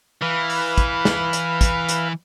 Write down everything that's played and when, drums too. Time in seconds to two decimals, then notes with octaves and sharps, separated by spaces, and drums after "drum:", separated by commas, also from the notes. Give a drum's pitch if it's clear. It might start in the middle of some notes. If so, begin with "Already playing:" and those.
0.22 E3 B4 F5
0.50 drum: open hi-hat
0.78 drum: kick, hi-hat
1.05 drum: snare
1.33 drum: hi-hat
1.61 drum: kick, hi-hat
1.89 drum: hi-hat